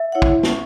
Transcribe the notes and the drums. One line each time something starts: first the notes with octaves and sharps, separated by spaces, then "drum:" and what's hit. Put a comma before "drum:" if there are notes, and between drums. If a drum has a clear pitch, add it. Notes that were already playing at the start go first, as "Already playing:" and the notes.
Already playing: E5
E4 C#5 F#5
drum: kick
C#4, drum: snare